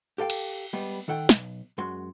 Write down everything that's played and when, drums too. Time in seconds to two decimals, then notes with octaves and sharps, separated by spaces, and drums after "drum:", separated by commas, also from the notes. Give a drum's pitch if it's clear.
0.18 G4 A4 F5 G5
0.30 drum: cymbal
0.73 G3 G#3 B3
1.08 D#3 A4 F#5 G5
1.29 B1, drum: snare
1.78 F#2 G#3 F#4 C6